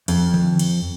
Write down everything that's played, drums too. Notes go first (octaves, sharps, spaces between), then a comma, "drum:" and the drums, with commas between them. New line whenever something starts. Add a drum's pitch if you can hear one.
F2, drum: cymbal
drum: tom D3
drum: cymbal